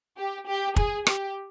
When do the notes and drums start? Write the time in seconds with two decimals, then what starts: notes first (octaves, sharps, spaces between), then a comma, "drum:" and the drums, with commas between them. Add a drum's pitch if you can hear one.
0.17 G4
0.47 G4
0.76 G#4, drum: kick
1.07 G4, drum: rim click